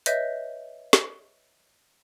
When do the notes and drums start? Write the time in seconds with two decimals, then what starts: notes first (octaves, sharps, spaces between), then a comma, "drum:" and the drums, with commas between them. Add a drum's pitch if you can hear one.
0.06 B4 C#5 D#5 E5 G6 B6, drum: hi-hat
0.93 drum: snare